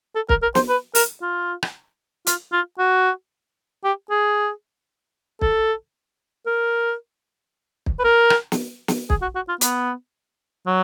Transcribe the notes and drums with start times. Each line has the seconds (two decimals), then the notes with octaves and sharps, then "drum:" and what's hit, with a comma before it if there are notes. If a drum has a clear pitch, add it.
0.16 A4
0.29 A#4, drum: kick
0.42 A#4
0.55 C5, drum: snare
0.69 B4
0.95 A#4, drum: open hi-hat
1.22 F4
1.63 drum: rim click
2.27 F4, drum: hi-hat
2.53 F4
2.79 F#4
3.84 G4
4.10 G#4
5.41 A4, drum: kick
6.46 A#4
7.86 drum: kick
7.99 B4
8.04 A#4
8.30 drum: rim click
8.52 drum: snare
8.88 drum: snare
9.10 G#4, drum: kick
9.22 F#4
9.35 F#4
9.49 F4
9.61 B3, drum: hi-hat
10.67 F#3